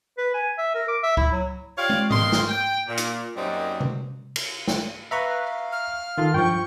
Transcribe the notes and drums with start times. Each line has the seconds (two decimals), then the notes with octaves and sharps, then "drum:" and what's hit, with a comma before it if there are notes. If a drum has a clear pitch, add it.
0.18 B4
0.34 G#5
0.58 E5
0.75 A#4
0.88 D6
1.03 E5
1.17 E4, drum: kick C#2
1.32 F#3
1.77 F4 G4 C#5 D5 F5
1.89 drum: tom
2.10 G2 A#3 D#5 F5 C6, drum: tom G#2
2.32 drum: snare
2.49 G5
2.88 A#2
2.97 drum: hi-hat
3.36 F#2 F#3 G3 A#3 C4 D#4
3.80 drum: tom C3
4.36 drum: cymbal
4.68 drum: snare
5.11 B4 E5 F5 A#5 C#6
5.72 F6
6.18 D#3 F4 A4
6.34 G2 F3 G5 C#6